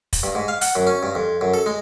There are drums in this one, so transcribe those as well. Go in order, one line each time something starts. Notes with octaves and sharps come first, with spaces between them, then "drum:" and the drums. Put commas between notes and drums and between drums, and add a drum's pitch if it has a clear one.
drum: kick, hi-hat
G2
G#2
F5
F#5, drum: hi-hat
F#2
C#4
G2
F2
F#2
A4
G#3